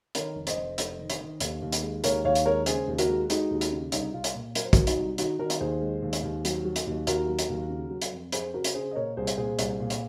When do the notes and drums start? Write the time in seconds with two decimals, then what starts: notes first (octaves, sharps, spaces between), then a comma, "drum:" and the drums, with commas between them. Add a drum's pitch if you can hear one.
0.15 D#3 A#4 C#5, drum: hi-hat
0.36 F1
0.47 C5 D#5, drum: hi-hat
0.57 F1
0.78 F1, drum: hi-hat
0.99 D#3
1.10 drum: hi-hat
1.21 D#3
1.40 D#2, drum: hi-hat
1.62 D#2
1.72 drum: hi-hat
1.83 G#3
2.04 D#2 A#4 C#5, drum: hi-hat
2.25 D#2 C#5 F5
2.35 drum: hi-hat
2.46 G#3 A#4 C#5
2.66 C#3 G#4 C5, drum: hi-hat
2.88 D#2
2.99 F#4 A#4, drum: hi-hat
3.09 G#3
3.30 G#3 D#4 F#4, drum: hi-hat
3.51 D#2
3.61 drum: hi-hat
3.71 C#3
3.92 C2 D#4, drum: hi-hat
4.13 C2 F4
4.24 drum: hi-hat
4.34 A#2
4.55 F#3 A#4, drum: hi-hat
4.65 C5
4.73 F#3 F#4 A#4, drum: kick, hi-hat
4.87 D#4 F#4, drum: hi-hat
4.97 C2
5.18 D#3 D#4 F#4, drum: hi-hat
5.39 D#3 F#4 A#4
5.50 drum: hi-hat
5.60 D#2 G#4 C5
5.82 G#3
6.02 D#2
6.13 drum: hi-hat
6.23 D#2
6.45 F#3, drum: hi-hat
6.65 F#3
6.76 drum: hi-hat
6.87 D#2
7.07 D#2 F#4 A#4, drum: hi-hat
7.28 F#3
7.39 drum: hi-hat
7.49 D#2
7.70 C#3
7.91 F#3
8.02 drum: hi-hat
8.12 F2
8.32 F2 G#4 C5, drum: hi-hat
8.54 C#3 F#4 A#4
8.64 drum: hi-hat
8.75 C#3 G#4 C5
8.91 D#5
8.95 A#2 A#4 C#5
9.17 C2 G#4 C5
9.27 drum: hi-hat
9.37 A#2 G#4 C5
9.59 C2, drum: hi-hat
9.80 A#2
9.90 drum: hi-hat